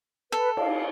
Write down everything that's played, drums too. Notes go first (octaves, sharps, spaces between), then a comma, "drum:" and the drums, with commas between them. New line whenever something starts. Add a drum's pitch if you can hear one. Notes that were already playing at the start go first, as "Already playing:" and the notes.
A4 B4
F5, drum: cymbal